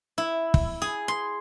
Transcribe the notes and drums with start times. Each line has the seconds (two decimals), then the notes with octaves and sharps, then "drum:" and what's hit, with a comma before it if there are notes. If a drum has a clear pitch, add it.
0.18 E4
0.54 drum: kick
0.82 G#4
1.08 C6